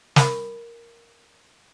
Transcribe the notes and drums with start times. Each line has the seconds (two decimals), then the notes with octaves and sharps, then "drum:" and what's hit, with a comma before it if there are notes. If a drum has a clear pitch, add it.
0.16 A#4 B5, drum: snare